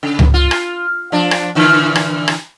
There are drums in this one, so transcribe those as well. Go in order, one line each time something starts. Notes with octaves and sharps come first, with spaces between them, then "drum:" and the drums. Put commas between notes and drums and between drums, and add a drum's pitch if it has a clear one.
C#3
drum: tom C#2
F4
drum: rim click
F3 D4
drum: rim click
A#2 D3 E3
drum: rim click
drum: rim click